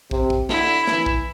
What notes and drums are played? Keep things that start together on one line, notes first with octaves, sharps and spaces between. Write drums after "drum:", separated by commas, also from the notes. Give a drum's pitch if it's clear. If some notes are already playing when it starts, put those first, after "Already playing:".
C3, drum: kick
drum: kick
D3 E4, drum: snare
E3, drum: snare
drum: kick